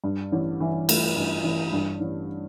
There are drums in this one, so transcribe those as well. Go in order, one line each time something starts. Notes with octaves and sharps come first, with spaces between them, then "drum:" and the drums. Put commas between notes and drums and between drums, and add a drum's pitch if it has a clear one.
G2
A1
E3
A3, drum: cymbal
G2
A1
G2
A1